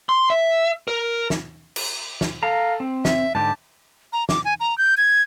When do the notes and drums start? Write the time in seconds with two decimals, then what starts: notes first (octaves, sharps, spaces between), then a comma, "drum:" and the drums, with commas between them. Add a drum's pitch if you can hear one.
0.09 C6
0.30 E5
0.88 A#4
1.30 drum: snare
1.76 drum: cymbal
2.21 drum: snare
2.43 A4 F5 A#5
2.80 C4
3.05 E5, drum: snare
3.35 G#2 D3 G4 A5
4.13 A#5
4.29 D6, drum: snare
4.45 G#5
4.60 A#5
4.78 G6
4.97 G#6